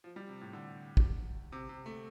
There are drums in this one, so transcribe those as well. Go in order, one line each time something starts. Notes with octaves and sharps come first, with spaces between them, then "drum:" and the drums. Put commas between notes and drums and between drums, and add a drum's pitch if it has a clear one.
F3
G3
C3
A2
D3
drum: kick
C3
C3
A3